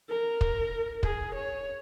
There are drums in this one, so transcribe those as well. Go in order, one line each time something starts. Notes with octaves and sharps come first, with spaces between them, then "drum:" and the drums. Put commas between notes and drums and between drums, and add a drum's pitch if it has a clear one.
A#4
drum: kick
G#4, drum: kick
C#5